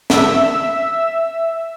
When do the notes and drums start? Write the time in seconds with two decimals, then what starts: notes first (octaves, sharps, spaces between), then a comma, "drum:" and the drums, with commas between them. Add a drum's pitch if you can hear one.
0.10 E5 E6, drum: snare